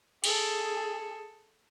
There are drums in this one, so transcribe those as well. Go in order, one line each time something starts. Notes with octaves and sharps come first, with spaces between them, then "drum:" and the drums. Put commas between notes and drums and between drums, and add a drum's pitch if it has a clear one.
G#4 A4, drum: cymbal